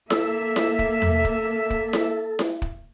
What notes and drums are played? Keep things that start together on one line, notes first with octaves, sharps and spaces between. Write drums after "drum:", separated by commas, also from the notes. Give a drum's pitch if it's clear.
A#3 A4 E5, drum: snare E4
drum: snare E4
drum: kick
drum: tom E2
drum: kick
drum: kick
drum: snare E4
drum: snare E4
drum: kick